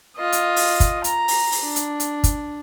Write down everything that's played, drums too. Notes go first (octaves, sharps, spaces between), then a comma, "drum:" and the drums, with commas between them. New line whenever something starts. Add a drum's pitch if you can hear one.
F4 D#5
drum: hi-hat
drum: open hi-hat
drum: kick, hi-hat
A#5, drum: hi-hat
drum: open hi-hat
drum: open hi-hat
D4
drum: hi-hat
drum: hi-hat
drum: kick, hi-hat